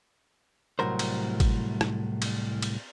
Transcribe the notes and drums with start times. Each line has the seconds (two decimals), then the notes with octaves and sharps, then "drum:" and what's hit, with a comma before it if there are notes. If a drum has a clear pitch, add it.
0.79 C2 F#2 A2 F#3 A#4 C5
0.99 drum: cymbal
1.40 drum: kick, cymbal
1.81 drum: rim click
2.22 drum: cymbal
2.62 drum: cymbal